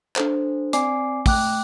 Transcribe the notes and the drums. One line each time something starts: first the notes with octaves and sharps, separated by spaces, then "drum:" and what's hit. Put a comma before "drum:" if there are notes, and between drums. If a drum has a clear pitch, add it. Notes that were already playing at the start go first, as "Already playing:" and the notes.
D4 A4 C5, drum: clap
C4 D5 G#5 D6 C7, drum: hi-hat
A3 G5 D6 F#6, drum: kick, open hi-hat